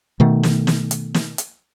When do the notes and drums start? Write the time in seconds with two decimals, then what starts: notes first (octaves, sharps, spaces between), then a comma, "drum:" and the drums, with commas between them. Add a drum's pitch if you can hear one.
0.20 B2 D#3 A3
0.43 drum: snare
0.67 drum: snare
0.91 drum: hi-hat
1.14 drum: snare
1.38 drum: hi-hat